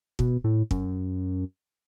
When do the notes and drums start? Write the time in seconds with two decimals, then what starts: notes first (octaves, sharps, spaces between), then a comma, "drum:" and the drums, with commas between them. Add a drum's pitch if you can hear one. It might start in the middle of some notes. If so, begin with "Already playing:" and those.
0.19 B2, drum: kick
0.44 A2
0.71 F#2, drum: kick